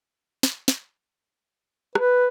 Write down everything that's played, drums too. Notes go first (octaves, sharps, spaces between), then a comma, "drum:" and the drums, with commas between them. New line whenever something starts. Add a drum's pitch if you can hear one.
drum: snare
drum: snare
B4, drum: rim click